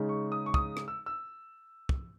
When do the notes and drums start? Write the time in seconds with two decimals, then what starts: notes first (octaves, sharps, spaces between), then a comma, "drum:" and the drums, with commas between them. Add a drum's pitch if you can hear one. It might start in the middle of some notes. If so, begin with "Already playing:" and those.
Already playing: C#3 G#3 D#4
0.09 C#6
0.32 D#6
0.46 C#6
0.54 D#6, drum: kick
0.77 drum: rim click
0.88 E6
1.06 E6
1.89 drum: kick